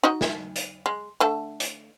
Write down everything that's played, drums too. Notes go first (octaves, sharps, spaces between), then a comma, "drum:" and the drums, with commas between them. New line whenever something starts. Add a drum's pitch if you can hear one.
D#4 F#4 D#5
drum: snare
drum: hi-hat
G#3
D3 A3 A4
drum: hi-hat